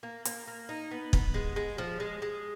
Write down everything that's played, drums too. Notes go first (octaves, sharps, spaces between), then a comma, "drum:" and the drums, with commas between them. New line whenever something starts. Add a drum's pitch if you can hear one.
A#3
A#3, drum: hi-hat
A#3
D#4
B3
B3, drum: kick
G#3
G#3
F3
G#3
G#3